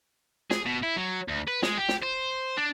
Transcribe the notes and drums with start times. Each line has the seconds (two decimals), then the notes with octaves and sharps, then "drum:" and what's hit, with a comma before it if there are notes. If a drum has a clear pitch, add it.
0.50 G#4, drum: snare
0.66 B2
0.83 E4
0.96 F#3
1.28 D2
1.48 B4
1.62 G#3, drum: snare
1.77 G4
1.89 drum: snare
2.02 C5
2.57 D4